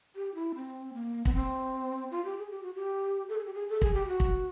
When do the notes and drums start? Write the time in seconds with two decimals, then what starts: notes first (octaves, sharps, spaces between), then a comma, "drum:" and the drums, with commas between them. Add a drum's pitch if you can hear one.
0.16 G4
0.35 E4
0.55 C4
0.94 A#3
1.25 B3, drum: kick
1.34 C4
2.11 F4
2.25 G4
2.38 G#4
2.51 G4
2.63 F#4
2.75 G4
3.29 A4
3.38 G#4
3.46 G4
3.54 G#4
3.69 A4
3.82 G#4, drum: kick
3.94 G4
4.08 F#4
4.20 drum: kick